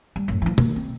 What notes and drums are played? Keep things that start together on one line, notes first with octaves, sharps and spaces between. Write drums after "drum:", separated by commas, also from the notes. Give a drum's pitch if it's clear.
G3
F#2 A2
E3 F3
D#3 A#3, drum: tom B2
C4